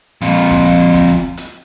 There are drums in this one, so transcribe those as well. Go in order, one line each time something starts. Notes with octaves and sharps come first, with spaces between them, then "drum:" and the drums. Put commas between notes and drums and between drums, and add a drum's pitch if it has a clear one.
F2 A#2, drum: hi-hat
drum: hi-hat
drum: kick, hi-hat
drum: hi-hat
drum: kick, hi-hat
drum: hi-hat
drum: hi-hat